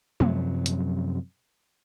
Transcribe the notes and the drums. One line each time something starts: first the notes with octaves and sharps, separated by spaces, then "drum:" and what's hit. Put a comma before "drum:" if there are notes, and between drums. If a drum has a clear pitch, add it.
F#2 C3 F3 F#3, drum: tom G#3
drum: hi-hat